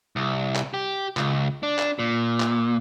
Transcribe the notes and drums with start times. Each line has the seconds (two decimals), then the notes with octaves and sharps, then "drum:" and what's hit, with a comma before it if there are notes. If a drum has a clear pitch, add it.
0.16 C2
0.55 drum: clap
0.74 G4
1.17 C#2, drum: clap
1.63 D4
1.78 drum: clap
1.99 A#2
2.40 drum: clap